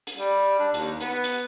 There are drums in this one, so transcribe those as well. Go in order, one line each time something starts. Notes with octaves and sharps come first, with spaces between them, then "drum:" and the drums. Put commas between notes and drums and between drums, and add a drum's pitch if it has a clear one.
drum: hi-hat
G3
D4
D#2, drum: hi-hat
B3, drum: hi-hat
drum: hi-hat